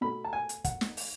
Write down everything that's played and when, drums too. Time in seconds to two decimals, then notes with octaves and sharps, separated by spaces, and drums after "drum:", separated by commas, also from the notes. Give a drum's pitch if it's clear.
0.01 B2 A3 B5
0.24 A5
0.33 G#5
0.49 drum: hi-hat
0.64 F#5, drum: kick, hi-hat
0.81 drum: snare
0.97 drum: open hi-hat